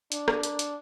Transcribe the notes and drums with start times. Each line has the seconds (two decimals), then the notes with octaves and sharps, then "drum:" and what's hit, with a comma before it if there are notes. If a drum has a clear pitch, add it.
0.12 D4, drum: hi-hat
0.28 drum: rim click
0.43 drum: hi-hat
0.59 drum: hi-hat